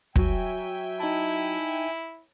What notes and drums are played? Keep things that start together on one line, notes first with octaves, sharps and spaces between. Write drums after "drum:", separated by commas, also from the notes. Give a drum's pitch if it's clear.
F#3 E5 G5 G#5, drum: kick
D#4 E4 A5